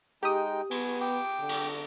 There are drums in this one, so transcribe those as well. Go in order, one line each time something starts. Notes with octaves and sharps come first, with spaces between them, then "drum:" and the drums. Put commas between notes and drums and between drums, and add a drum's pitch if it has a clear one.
G#3 D#4 G4 G5 D#6
B3 G#5, drum: cymbal
G5 D6
D3
drum: cymbal